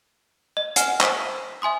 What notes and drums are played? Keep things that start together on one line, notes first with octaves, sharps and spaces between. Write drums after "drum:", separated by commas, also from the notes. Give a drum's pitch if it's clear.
D#5
F#5 G#5 F6 E7 G7, drum: hi-hat
C5 B6, drum: clap
E5 G#5 C6 D#6